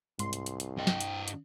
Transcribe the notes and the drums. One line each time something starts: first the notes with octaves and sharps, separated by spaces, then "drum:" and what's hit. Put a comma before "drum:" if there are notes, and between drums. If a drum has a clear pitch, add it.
C2 G#2 C6, drum: hi-hat
drum: hi-hat
drum: hi-hat
drum: hi-hat
G2 D#5 G5
drum: snare
drum: hi-hat
drum: hi-hat